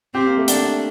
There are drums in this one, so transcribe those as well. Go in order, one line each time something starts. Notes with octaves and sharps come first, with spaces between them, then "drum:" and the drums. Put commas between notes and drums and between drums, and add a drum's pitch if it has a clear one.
C4 G4
A#3
A3
D4, drum: hi-hat